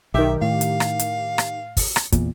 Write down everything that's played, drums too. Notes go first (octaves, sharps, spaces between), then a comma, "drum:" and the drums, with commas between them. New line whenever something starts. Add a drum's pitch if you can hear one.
B1 D#3 G4 E5
A2 F5
drum: hi-hat
drum: rim click
drum: hi-hat
drum: rim click
drum: kick, open hi-hat
drum: rim click
E2 A#2, drum: kick, hi-hat